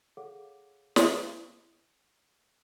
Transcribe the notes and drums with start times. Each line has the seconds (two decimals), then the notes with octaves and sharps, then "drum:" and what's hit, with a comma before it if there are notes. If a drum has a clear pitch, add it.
0.17 G#4 A4 C#5 F5 F#5 D6
0.96 drum: snare